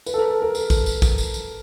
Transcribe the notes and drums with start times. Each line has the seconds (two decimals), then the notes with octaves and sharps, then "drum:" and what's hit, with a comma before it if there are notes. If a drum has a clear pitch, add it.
0.06 B4, drum: tambourine
0.14 A4
0.18 A#4
0.30 A4
0.42 A#4
0.55 A4, drum: tambourine
0.70 drum: kick, tambourine
0.86 drum: tambourine
1.02 drum: kick, tambourine
1.18 drum: tambourine
1.34 drum: tambourine